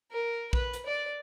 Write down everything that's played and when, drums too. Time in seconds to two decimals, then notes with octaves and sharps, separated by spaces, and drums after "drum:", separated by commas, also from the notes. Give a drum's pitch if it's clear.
0.11 A#4
0.53 B4, drum: kick A#1
0.73 drum: hi-hat
0.86 D5